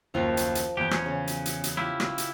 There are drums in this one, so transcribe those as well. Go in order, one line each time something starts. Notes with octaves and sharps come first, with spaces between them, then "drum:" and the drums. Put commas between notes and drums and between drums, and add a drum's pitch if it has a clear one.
F#1 D#2 F3 F5 G5 A#5
drum: hi-hat
drum: hi-hat
E2 G4 G6
C#4, drum: rim click
C#3
drum: hi-hat
drum: hi-hat
drum: hi-hat
E4 F4 G4
drum: rim click
drum: hi-hat